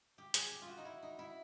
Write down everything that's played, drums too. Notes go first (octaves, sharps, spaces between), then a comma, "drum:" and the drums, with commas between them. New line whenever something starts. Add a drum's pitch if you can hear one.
G4
G#4, drum: hi-hat
G4
F4
F#4
D#4
E4
D#4
E4